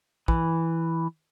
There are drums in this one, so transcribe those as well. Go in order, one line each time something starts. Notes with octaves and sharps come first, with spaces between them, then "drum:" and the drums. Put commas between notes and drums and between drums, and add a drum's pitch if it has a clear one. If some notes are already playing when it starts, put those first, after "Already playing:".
E3, drum: kick